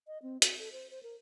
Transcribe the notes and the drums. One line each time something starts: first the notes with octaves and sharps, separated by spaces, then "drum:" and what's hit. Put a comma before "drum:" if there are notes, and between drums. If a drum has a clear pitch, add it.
D#5
C4
F#4, drum: hi-hat
A4
C5
C5
A#4